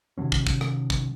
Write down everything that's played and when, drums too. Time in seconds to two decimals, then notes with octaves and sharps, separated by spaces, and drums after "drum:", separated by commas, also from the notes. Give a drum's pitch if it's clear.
0.18 C3 D#3 F#3 C#4
0.32 drum: kick
0.47 drum: kick
0.61 drum: rim click
0.90 drum: kick